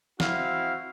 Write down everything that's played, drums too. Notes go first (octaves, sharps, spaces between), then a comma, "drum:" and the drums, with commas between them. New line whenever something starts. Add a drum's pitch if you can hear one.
C4 E4 F#4 F5, drum: snare